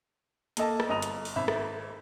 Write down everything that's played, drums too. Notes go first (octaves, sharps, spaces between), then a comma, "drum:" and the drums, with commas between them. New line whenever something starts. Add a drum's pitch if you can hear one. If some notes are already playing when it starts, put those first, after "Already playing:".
A#3 A4 D#5 A5, drum: hi-hat
drum: rim click
G1 D#5 A#5 D#6 F7
drum: hi-hat
drum: open hi-hat
G#1 E5 B5
drum: rim click